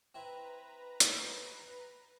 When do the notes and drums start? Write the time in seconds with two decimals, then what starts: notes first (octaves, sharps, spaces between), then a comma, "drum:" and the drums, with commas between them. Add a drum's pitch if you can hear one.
0.15 C4 E4 B4 A#5
1.00 drum: hi-hat